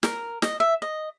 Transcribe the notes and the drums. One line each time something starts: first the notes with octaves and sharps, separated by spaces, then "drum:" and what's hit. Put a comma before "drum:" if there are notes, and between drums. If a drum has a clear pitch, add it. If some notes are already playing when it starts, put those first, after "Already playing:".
A#4, drum: snare
D#5, drum: snare
E5
D#5